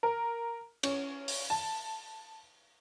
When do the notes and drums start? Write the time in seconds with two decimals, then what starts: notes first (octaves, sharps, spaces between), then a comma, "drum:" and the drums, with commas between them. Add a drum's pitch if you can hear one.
0.03 A#4
0.83 C#4, drum: cymbal
1.28 drum: open hi-hat
1.50 A5